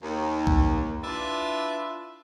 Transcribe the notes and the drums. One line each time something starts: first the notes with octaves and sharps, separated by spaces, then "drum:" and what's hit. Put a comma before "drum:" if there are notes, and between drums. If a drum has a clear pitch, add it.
D#2
drum: kick B1
D4 E4 F4 B4 D5 E5